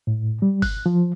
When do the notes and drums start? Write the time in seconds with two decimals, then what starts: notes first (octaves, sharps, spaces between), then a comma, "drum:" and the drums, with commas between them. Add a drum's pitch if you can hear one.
0.07 A2
0.42 G3
0.62 F#6, drum: kick G1, open hi-hat
0.86 F3